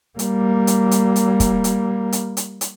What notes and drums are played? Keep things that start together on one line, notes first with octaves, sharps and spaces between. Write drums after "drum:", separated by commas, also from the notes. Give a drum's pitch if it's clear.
G3 A#3, drum: hi-hat
drum: hi-hat
drum: hi-hat
drum: hi-hat
drum: kick, hi-hat
drum: hi-hat
drum: hi-hat
drum: hi-hat
drum: hi-hat